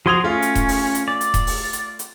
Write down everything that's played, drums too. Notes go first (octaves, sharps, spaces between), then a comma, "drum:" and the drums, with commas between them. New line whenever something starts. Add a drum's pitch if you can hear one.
F3 F#4 C6 D#6 G#6 F7
A3 C#4 F4
drum: hi-hat
drum: kick E1, hi-hat
drum: open hi-hat
drum: hi-hat
D5
drum: hi-hat
drum: kick E1, hi-hat
drum: open hi-hat
drum: hi-hat
drum: hi-hat